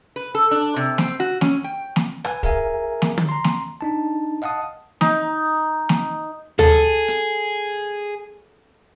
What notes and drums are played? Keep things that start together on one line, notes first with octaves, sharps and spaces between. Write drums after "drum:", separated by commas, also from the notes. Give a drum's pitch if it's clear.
B4
A4
D4
C3
C4, drum: snare
F#4
C#4, drum: snare
G5
drum: snare
B4 G#5, drum: rim click
G#4 A#4 E5 F5 G#5 A#5, drum: kick
drum: snare
drum: tom
A#5 C6
drum: snare
D4 D#4 A5
D#5 F5 F#5 A5 D#6
D#4, drum: snare
drum: snare
G#4 A4, drum: tom D2
drum: hi-hat